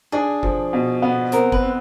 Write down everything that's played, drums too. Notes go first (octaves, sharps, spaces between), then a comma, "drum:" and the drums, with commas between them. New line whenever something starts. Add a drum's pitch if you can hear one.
D4 G#4
F3, drum: kick G1
B2
B3
C4 A#4, drum: hi-hat
B4, drum: kick G1
C4